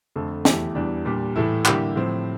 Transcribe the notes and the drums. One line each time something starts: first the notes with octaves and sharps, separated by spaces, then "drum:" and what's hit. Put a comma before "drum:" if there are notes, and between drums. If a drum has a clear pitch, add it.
F2 D3 A3
E2 E3 A3 E4 G4, drum: snare
E2 E3 G3 D4
A#2 G3 D4 G4
A2 E3 A3 E4
D3 G3 A#3 E4 G4, drum: clap
A2 F3 C4